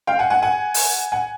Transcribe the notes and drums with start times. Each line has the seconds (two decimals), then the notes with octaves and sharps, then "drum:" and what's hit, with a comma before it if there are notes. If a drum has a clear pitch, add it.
0.07 F5 G5
0.19 F#5 G#5
0.30 F#5 G#5
0.42 F#5 G#5
0.74 drum: open hi-hat
1.12 F#5 G#5